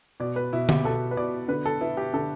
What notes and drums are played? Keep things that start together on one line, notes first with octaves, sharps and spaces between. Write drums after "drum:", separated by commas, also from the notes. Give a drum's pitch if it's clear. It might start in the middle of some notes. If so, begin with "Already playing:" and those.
B2 D5
B4
B2 E4
G4, drum: tom D3
B2 A4
B4
B2 D5
D3 B4
A4
B3 E4
G4
D3 A4